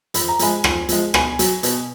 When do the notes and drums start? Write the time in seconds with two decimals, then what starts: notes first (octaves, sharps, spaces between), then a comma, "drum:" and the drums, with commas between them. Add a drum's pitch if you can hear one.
0.14 F2 B5, drum: hi-hat
0.28 A#5
0.39 F3 G#3 G#5 B5, drum: hi-hat
0.64 F2, drum: rim click
0.89 F3 G#3, drum: hi-hat
1.14 B2 G#5 B5, drum: rim click
1.39 F#3, drum: hi-hat
1.63 B2, drum: hi-hat